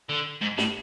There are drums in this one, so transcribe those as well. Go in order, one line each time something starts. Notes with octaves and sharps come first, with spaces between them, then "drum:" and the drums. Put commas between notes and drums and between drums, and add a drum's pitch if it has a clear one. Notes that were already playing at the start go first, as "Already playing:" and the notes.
D3
G#2
A2, drum: snare